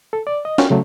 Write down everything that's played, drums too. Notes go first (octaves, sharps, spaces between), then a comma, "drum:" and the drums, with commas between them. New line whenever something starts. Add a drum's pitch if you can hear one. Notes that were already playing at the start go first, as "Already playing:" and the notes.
A4
D5
D#5
C#4 F4 F#4 A#4 G5, drum: snare
C#3 F#3 A3